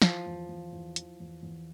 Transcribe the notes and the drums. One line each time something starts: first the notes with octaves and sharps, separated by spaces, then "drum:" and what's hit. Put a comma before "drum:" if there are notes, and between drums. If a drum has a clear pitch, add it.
E3 F3, drum: snare
E2
E2
E2
E3, drum: hi-hat
E2
E2